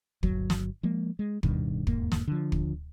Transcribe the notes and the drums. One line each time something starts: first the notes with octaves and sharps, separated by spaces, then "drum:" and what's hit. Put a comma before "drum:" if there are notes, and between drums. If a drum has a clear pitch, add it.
G1 F#3, drum: kick
drum: snare
F3 G#3 A#3
G#3
D1 G2 B2 D#3, drum: kick
E1 E2 G#2 A#3, drum: kick
drum: snare
D3 F3
drum: kick